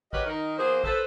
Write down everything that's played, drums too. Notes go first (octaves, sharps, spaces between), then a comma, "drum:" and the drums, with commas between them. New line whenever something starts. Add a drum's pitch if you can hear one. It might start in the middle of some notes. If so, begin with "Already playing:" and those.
F#4 G4 A#4 B4 C#5 D#5, drum: kick A#1
D#3 D#4 A#4
F3 A#3 B3 G#4 C5
A4 B4 C5, drum: kick A#1